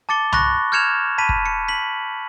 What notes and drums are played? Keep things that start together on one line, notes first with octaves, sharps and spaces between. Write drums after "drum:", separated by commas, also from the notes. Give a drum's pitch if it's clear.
A5 D6 A6 C#7 G7
B5 C#6 F#6 A#6, drum: tom C2
F6 G6 G#6 C#7 E7 F7
A5 B5 B6 D#7
drum: kick
C#7
B6 F#7